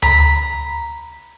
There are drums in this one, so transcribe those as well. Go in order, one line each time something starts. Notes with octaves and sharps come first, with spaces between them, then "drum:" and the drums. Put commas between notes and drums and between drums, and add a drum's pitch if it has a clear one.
A#5 B5, drum: tom D2